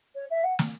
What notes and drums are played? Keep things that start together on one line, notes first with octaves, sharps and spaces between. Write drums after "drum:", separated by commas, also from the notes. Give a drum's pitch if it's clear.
C#5
E5
F#5
drum: snare